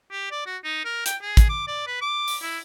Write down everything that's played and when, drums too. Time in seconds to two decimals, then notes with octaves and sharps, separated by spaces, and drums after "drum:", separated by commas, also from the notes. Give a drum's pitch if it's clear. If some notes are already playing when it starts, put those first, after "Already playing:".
0.11 G4
0.32 D5
0.46 F#4
0.64 D#4
0.85 A#4
1.06 G5, drum: hi-hat
1.22 G#4
1.37 drum: kick, hi-hat
1.49 D6
1.67 D5
1.87 B4
2.01 D6
2.28 drum: open hi-hat
2.42 E4